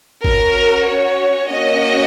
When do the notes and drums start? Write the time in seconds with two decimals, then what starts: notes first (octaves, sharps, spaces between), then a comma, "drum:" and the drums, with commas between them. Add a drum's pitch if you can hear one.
0.25 C#4 F#4 A#4, drum: kick G#1
0.87 C#5
1.49 A#3 C#4 F#4 D#5